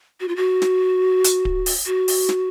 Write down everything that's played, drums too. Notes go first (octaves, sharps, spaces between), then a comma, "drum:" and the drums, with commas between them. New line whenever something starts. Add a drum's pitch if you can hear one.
F#4
F4
F#4
drum: snare
drum: hi-hat
drum: kick D1
drum: open hi-hat
F#4
drum: open hi-hat
drum: snare